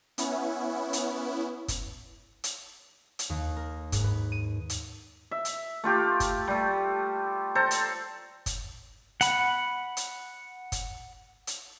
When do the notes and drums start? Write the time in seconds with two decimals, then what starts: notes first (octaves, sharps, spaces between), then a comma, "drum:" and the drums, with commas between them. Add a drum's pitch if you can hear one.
0.18 B3 C#4 E4, drum: hi-hat
0.93 drum: hi-hat
1.68 drum: kick F#1, hi-hat
2.44 drum: hi-hat
3.19 drum: hi-hat
3.30 D#2
3.56 A#4
3.92 G#2, drum: kick F#1, hi-hat
4.04 B4
4.32 D#7
4.70 drum: hi-hat
5.31 E5
5.45 drum: hi-hat
5.84 A3 F4 G4
6.20 drum: kick F#1, hi-hat
6.48 G3 A3
7.55 A4 C5 A#5
7.71 drum: hi-hat
8.46 drum: kick F#1, hi-hat
9.21 F#5 B5, drum: hi-hat
9.97 drum: hi-hat
10.72 drum: kick F#1, hi-hat
11.47 drum: hi-hat